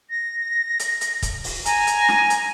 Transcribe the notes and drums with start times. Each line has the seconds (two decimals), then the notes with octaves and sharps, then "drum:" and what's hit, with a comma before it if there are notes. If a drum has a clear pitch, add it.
0.10 A#6
0.79 drum: hi-hat
1.01 drum: hi-hat
1.22 drum: kick, hi-hat
1.44 drum: open hi-hat
1.65 G#5 A#5, drum: hi-hat
1.87 drum: hi-hat
2.08 drum: snare
2.30 drum: hi-hat